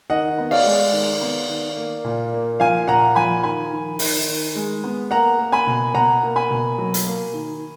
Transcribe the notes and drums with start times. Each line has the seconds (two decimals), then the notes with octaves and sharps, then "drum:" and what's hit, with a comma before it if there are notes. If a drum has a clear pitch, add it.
0.10 D#3 D#5 F#5
0.38 B3
0.51 D5 F5, drum: cymbal
0.66 G#3
0.93 D#3
1.21 B3
1.49 D#3
1.77 A#3
2.04 A#2
2.33 A#3
2.60 F3 F5 G#5
2.88 A#2 F#5 A#5
3.15 F3 G#5 B5
3.43 D#3 G#5 B5
3.72 D#3
3.99 D#3, drum: open hi-hat
4.27 D#3
4.55 G#3
4.84 B3
5.11 A#3 F#5 A#5
5.38 A#3
5.52 G#5 B5
5.67 B2
5.94 B2 F#5 A#5
6.23 A#3
6.36 G#5 B5
6.50 B2
6.78 F#3
6.94 drum: hi-hat
7.06 A#3
7.34 D#3